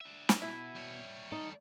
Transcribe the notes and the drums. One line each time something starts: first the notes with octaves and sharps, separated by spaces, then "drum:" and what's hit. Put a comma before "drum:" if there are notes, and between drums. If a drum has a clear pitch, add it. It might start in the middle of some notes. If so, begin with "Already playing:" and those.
D4 E5
drum: snare
B2 E4
G3 C#5
D#4 A4